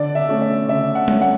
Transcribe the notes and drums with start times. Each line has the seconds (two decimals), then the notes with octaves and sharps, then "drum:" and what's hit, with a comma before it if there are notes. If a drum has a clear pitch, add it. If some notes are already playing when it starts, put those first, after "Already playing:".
Already playing: D3 D5
0.15 E5
0.29 A3 C#4
0.42 E5
0.68 D3 E5
0.95 F#5
1.08 A3 C#4, drum: tom G3
1.22 F#5